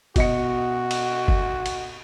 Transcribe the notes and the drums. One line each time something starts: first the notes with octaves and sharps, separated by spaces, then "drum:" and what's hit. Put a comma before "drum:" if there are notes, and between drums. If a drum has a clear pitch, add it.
B2 F#4 D#5 C#7, drum: kick, cymbal
drum: cymbal
drum: kick
drum: cymbal